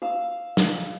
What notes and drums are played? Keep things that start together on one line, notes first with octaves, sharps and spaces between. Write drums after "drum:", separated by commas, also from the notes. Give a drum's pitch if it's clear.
F5 E6
drum: snare